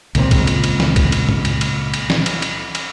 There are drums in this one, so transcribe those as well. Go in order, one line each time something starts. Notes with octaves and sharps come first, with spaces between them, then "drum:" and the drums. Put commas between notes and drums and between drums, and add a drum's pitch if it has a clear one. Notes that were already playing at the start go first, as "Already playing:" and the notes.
C#2 A#2 F3 C4, drum: cymbal
drum: kick, cymbal
drum: cymbal
drum: cymbal
drum: snare
drum: kick, cymbal
drum: cymbal
drum: tom
drum: cymbal
drum: cymbal
drum: cymbal
drum: snare
drum: cymbal
drum: cymbal
drum: cymbal